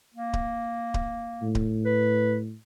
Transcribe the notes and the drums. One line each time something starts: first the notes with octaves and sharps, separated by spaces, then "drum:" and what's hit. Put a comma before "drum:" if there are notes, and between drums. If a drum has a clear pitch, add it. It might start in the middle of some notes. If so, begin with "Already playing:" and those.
A#3
drum: kick D1
drum: kick D1
A2
drum: kick D1
B4